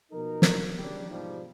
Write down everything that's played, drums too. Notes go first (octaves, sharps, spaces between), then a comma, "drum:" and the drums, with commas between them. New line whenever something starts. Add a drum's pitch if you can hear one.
B2 F3 D#4 A#4
drum: snare
C#3 F3 G3 D4 G4
G#2 B2 F3 G3 D#4 F4